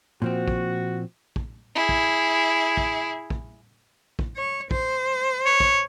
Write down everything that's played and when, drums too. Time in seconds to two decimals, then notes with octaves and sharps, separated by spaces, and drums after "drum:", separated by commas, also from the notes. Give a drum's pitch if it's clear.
0.22 A#2 F3 C4 F#4
0.48 drum: kick
1.36 drum: kick
1.75 E4 G#4
1.89 drum: kick
2.77 drum: kick
3.30 drum: kick
4.19 drum: kick
4.36 C#5
4.71 C5, drum: kick
5.46 C#5
5.60 drum: kick